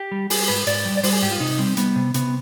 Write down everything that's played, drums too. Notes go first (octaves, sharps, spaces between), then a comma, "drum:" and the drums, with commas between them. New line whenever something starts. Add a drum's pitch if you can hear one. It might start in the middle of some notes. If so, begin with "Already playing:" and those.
Already playing: G4
G3
G3 G#4, drum: open hi-hat
G#2 B4
G#2 D5, drum: hi-hat
G3
D5
G3 C5, drum: open hi-hat
G#4
G#2 G4
F4
C3 D#4
G3 C4
G3 B3, drum: hi-hat
C3
C3 B3, drum: hi-hat